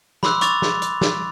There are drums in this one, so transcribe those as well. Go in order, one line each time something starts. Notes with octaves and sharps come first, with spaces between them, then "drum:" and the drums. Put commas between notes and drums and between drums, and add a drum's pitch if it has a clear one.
B5 C6 D6 E6 F#6, drum: snare
B5 C#6 D6 A6 F7, drum: hi-hat
drum: snare
drum: hi-hat
drum: snare